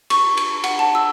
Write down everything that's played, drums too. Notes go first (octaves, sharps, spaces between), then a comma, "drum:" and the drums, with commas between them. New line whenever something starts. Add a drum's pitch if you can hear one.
C#6, drum: cymbal
drum: cymbal
F#5, drum: cymbal
A5
E6